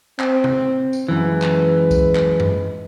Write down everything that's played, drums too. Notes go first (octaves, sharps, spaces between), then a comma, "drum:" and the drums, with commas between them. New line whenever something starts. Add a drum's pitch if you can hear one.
C4, drum: clap
drum: tom C3
drum: tambourine
F#2 E3 G#3 B4
drum: clap
drum: kick C2, tambourine
drum: clap
drum: tom F#2